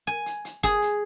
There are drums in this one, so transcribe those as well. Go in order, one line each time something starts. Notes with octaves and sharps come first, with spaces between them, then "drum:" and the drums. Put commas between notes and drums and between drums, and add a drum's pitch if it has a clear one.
G#5
drum: hi-hat
drum: hi-hat
G#4, drum: kick F#1, hi-hat
drum: hi-hat